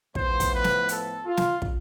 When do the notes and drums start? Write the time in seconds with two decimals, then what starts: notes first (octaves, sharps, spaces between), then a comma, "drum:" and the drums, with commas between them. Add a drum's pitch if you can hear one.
0.15 A2 F3 B3 C5, drum: kick
0.40 drum: kick, hi-hat
0.53 B4
0.64 drum: snare
0.89 A4, drum: hi-hat
1.25 F4
1.37 drum: snare
1.62 drum: kick